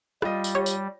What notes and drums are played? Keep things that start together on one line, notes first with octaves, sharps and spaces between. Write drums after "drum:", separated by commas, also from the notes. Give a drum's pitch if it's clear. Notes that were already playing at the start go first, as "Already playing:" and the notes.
G3 F4 D#5, drum: rim click
drum: tambourine
G4 C#5
drum: tambourine